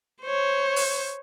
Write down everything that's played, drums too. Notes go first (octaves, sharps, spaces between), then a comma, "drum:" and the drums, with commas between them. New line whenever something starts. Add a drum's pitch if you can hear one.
C5 C#5
drum: open hi-hat